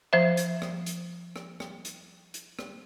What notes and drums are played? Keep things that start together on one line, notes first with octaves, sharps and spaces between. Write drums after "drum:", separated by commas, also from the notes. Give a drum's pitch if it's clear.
F3 C5 E5
drum: hi-hat
drum: rim click
drum: hi-hat
drum: rim click
drum: rim click
drum: hi-hat
drum: hi-hat
drum: rim click